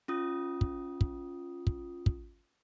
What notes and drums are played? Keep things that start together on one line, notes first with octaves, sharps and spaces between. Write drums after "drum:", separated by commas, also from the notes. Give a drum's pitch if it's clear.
C#4 F4 D#6
drum: kick
drum: kick
drum: kick
drum: kick